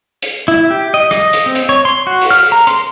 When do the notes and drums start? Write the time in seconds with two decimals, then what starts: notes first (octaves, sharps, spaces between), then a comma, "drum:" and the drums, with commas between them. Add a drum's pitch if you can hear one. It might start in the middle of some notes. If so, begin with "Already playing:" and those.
0.22 drum: hi-hat
0.48 E4
0.70 G4
0.94 D#5
1.11 D#5, drum: rim click
1.33 drum: hi-hat
1.46 C4
1.55 drum: hi-hat
1.69 C#5
1.85 C6
2.07 F#4
2.22 drum: open hi-hat
2.31 F6
2.52 A#5
2.67 C6, drum: hi-hat